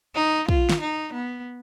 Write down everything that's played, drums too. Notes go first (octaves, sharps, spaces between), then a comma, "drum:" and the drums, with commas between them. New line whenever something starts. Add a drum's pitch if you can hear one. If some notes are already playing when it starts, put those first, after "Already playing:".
D#4
F4, drum: kick
drum: snare
D#4
B3